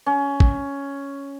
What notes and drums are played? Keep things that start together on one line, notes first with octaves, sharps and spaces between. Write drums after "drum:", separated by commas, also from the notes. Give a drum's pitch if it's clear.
C#4
drum: kick